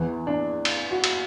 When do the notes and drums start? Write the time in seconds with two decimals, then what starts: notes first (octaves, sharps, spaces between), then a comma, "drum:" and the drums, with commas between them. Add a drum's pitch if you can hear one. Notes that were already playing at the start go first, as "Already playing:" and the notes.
Already playing: E2 E3 B3
0.27 D4
0.65 drum: cymbal
0.91 F#4
1.04 drum: cymbal